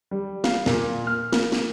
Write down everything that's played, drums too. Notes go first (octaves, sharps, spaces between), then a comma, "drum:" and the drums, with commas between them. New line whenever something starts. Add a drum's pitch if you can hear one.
G3
F5, drum: snare
A#2, drum: snare
F6
A#3, drum: snare
drum: snare